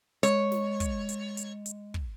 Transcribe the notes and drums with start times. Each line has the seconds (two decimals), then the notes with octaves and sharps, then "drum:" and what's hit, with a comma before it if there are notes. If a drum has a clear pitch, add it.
0.23 G#3 C#5, drum: hi-hat
0.52 drum: snare
0.80 drum: kick, hi-hat
1.09 drum: hi-hat
1.37 drum: hi-hat
1.66 drum: hi-hat
1.94 drum: kick